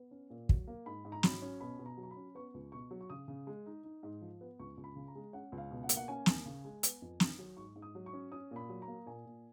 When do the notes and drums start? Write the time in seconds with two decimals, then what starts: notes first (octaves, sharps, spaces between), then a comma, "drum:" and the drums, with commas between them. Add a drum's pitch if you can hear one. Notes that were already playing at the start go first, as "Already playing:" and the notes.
Already playing: B3
0.11 C#4
0.30 A#2
0.49 F#3, drum: kick
0.67 A#3
0.86 G#2 B5
1.05 G#2
1.12 A#5
1.23 F#3 B5, drum: snare
1.42 C#4
1.60 B2 B5
1.79 B2
1.86 A#5
1.97 F#3
2.03 A#5
2.11 B5
2.17 C#4
2.35 B3 C#6
2.54 C#2
2.72 B2 C#6
2.91 F#3
3.01 C#6
3.10 C#3 D#6
3.28 C#3
3.47 G#3
3.66 D#4
3.84 D#4
4.03 G#2
4.21 F3
4.41 B3
4.59 C#2 C#6
4.77 C#2
4.84 B5
4.96 C#3
5.08 A#5
5.15 G#3
5.33 C#4 F#5
5.52 C#2
5.58 F5
5.71 B2
5.83 F#5
5.89 A#3, drum: hi-hat
5.96 F#5
6.08 C#4 G#5
6.26 D#2, drum: snare
6.46 C#3
6.65 G#3
6.83 B3, drum: hi-hat
7.02 F2
7.20 D#3, drum: snare
7.39 F#3
7.57 G#2 C#6
7.76 G#2
7.82 D#6
7.95 F#3
8.06 C#6
8.13 C#4
8.32 C#4 D#6
8.51 A#2
8.56 B5
8.69 F#3
8.82 A#5
8.88 A#3
9.06 A#2 G#5
9.25 A#2